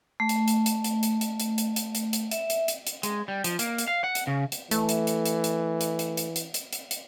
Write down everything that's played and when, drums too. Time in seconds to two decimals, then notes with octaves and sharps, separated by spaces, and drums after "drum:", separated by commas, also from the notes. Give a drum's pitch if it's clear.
0.20 A3
0.29 drum: hi-hat
0.48 drum: hi-hat
0.66 drum: hi-hat
0.84 drum: hi-hat
1.03 drum: hi-hat
1.21 drum: hi-hat
1.40 drum: hi-hat
1.58 drum: hi-hat
1.76 drum: hi-hat
1.95 drum: hi-hat
2.13 drum: hi-hat
2.31 E5, drum: hi-hat
2.50 drum: hi-hat
2.68 drum: hi-hat
2.87 drum: hi-hat
3.03 G#3, drum: hi-hat
3.28 G3
3.44 F3, drum: hi-hat
3.59 A#3, drum: hi-hat
3.78 drum: hi-hat
3.87 F5
4.04 F#5
4.15 drum: hi-hat
4.27 C#3
4.52 drum: hi-hat
4.71 E3 A3, drum: hi-hat
4.89 drum: hi-hat
5.07 drum: hi-hat
5.26 drum: hi-hat
5.44 drum: hi-hat
5.81 drum: hi-hat
5.99 drum: hi-hat
6.17 drum: hi-hat
6.36 drum: hi-hat
6.54 drum: hi-hat
6.73 drum: hi-hat
6.91 drum: hi-hat